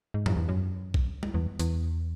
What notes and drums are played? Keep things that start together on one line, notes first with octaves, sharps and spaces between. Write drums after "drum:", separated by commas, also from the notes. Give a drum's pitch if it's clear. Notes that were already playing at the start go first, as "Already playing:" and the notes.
G#2
F#2, drum: tom G#2
E2
F#2
drum: kick B1
drum: tom G3
E2
E2, drum: hi-hat